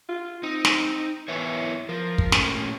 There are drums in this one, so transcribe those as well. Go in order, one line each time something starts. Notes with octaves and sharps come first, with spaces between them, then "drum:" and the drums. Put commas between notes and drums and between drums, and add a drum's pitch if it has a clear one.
F4
C4 D#4
drum: snare
E3 B3 E4 C#5
F3 A#4
drum: kick
A#2 A3 C#4, drum: snare